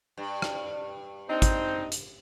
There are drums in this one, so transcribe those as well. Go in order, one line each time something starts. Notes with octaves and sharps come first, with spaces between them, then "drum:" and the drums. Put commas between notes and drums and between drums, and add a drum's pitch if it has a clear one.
G2
drum: rim click
C4 D4 D#4 C5
drum: kick, hi-hat
drum: hi-hat